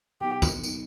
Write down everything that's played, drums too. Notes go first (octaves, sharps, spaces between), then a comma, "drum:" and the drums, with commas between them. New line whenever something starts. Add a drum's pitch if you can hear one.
B2 F#3 B3 D#4 G4
drum: kick, tambourine
B2 F#3 B3 D#4, drum: tambourine